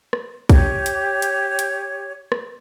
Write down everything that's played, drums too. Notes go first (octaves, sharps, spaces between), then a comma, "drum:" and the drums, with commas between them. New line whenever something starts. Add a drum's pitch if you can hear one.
drum: rim click
G4 C#5, drum: kick, hi-hat
drum: hi-hat
drum: hi-hat
drum: hi-hat
drum: rim click